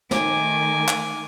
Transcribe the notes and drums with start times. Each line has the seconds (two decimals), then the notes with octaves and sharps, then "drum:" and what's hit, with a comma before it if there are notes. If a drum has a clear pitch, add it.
0.11 D#3 A3 G#5 D6, drum: snare
0.88 drum: clap